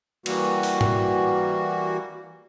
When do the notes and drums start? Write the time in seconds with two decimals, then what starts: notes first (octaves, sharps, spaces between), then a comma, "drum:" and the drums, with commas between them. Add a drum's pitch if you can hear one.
0.26 E3 G3 A#3 F#4, drum: cymbal
0.63 drum: open hi-hat
0.81 drum: tom G#2